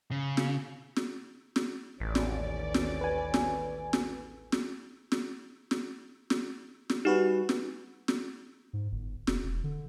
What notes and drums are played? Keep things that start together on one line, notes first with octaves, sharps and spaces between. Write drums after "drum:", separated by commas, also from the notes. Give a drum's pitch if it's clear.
C#3
drum: snare
drum: snare
drum: snare
A1 D#2 C#4 D5
drum: snare
drum: snare
B4 G#5
drum: snare
drum: snare
drum: snare
drum: snare
drum: snare
drum: snare
drum: snare
G3 D#4 F#4 B4
drum: snare
drum: snare
G#2
G1
F1, drum: snare
E1
D3